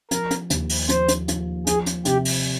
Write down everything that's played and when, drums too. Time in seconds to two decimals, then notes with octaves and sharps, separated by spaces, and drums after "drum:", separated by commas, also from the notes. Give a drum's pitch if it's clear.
0.11 F3 A#4, drum: hi-hat
0.31 drum: hi-hat
0.50 D#2, drum: hi-hat
0.70 drum: open hi-hat
0.89 F3 C5, drum: hi-hat
1.08 drum: hi-hat
1.28 F3, drum: hi-hat
1.67 F3 G#4, drum: hi-hat
1.86 drum: hi-hat
2.05 C3 G4, drum: hi-hat
2.25 drum: open hi-hat